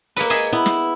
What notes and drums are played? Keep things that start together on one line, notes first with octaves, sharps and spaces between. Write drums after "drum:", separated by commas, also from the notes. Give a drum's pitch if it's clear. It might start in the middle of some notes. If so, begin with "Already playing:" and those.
A#3 B4, drum: open hi-hat
G#4 D#5 E5
B3 E4
drum: snare